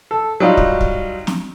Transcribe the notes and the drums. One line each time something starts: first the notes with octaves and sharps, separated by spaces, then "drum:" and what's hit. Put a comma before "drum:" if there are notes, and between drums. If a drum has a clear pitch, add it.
A4
F#3 G3 D#4 F4
drum: kick
drum: kick
drum: snare